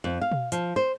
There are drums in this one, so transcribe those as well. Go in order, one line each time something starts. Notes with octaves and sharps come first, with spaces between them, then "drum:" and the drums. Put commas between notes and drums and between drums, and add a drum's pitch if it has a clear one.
F2
F5
drum: tom B2
F3, drum: hi-hat
C5